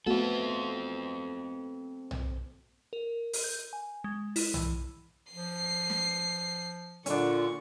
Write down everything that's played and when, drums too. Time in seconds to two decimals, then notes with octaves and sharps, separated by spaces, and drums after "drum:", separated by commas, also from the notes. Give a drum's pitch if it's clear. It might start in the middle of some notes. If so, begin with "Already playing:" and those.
0.07 A3 B3 C4 F#4 A4
2.11 drum: tom B1
2.93 A#4
3.33 drum: open hi-hat
3.44 G6
3.73 G#5
4.04 G#3
4.36 E4, drum: open hi-hat
4.54 E3, drum: tom B1
5.32 F3 C7
5.90 drum: snare
7.06 A#2 D3 C#4 D4 C#6, drum: hi-hat